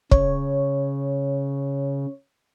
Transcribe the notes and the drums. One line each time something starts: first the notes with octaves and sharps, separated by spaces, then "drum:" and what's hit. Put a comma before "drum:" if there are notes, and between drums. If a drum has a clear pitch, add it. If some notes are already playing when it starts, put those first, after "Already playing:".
C#3 C#5, drum: kick